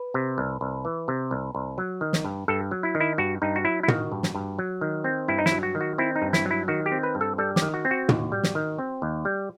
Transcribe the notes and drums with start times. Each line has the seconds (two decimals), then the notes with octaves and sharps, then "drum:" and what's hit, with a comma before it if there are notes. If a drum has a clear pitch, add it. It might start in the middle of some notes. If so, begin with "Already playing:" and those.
Already playing: B4
0.14 C3
0.38 C2
0.61 C2
0.85 E3
1.08 C3
1.31 C2
1.55 C2
1.78 F#3
2.01 D#3
2.13 drum: snare
2.25 G2
2.48 G2 A4
2.71 F#3
2.83 E4
2.95 D#3
3.00 E4
3.18 G2 F#4
3.42 G2 D#4
3.56 F#4
3.65 F#3 E4
3.83 E4
3.88 D#3 F#4, drum: tom
4.12 G2
4.23 drum: snare
4.35 G2
4.59 F#3
4.81 D#3
5.04 C4
5.28 G2 E4
5.38 D#4
5.46 E4, drum: snare
5.52 F#3
5.63 F#4
5.75 D#3
5.81 F#4
5.98 C4 E4
6.16 D#4
6.22 G2
6.33 E4, drum: snare
6.45 F#3
6.51 E4
6.68 D#3 F#4
6.86 G4
6.92 C4
7.03 B4
7.15 G2
7.21 A4
7.38 G3 A4
7.56 G4, drum: snare
7.62 D#3
7.74 F#4
7.85 C4
7.91 F#4
8.09 D#2, drum: tom
8.32 G3
8.43 drum: snare
8.55 D#3
8.78 C4
9.02 D#2
9.25 G3